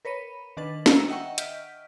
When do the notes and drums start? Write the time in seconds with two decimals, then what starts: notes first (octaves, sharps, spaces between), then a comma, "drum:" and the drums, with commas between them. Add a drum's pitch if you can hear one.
0.05 A#4 B4 C#5 B5 D#7
0.57 D#3 D4 B4 A6 F#7
0.86 drum: snare
0.96 A#5 E6 A#6 C#7
1.08 D#5 E5 F#5 G5 C#6
1.38 D#5 F6 G6 B6 D7, drum: hi-hat